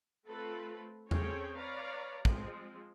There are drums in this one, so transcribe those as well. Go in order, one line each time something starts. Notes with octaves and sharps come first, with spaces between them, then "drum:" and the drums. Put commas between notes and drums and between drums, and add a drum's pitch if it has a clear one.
A3 C4 F4 A4 B4
C4 C#4 G#4 A4 C#5 G5, drum: tom E2
B4 C#5 D5 F5 A#5
F3 G#3 C4, drum: kick